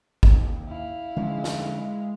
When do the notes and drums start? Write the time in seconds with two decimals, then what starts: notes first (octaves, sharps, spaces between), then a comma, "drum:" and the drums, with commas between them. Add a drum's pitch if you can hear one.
0.23 D#2, drum: kick
0.67 E4 F5
1.16 D3 F3 G#3 C#4
1.44 drum: snare